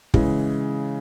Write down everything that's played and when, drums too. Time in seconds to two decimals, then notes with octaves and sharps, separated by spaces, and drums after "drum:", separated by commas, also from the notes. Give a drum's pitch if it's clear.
0.14 C#3 E3 G#3, drum: kick